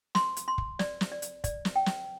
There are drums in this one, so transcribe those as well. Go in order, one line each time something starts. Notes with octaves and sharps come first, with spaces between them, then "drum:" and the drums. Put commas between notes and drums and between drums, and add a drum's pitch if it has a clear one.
C6, drum: snare
drum: hi-hat
C6
drum: kick
D5, drum: snare
drum: snare
D5
drum: hi-hat
D5, drum: kick, hi-hat
drum: snare
G5
drum: snare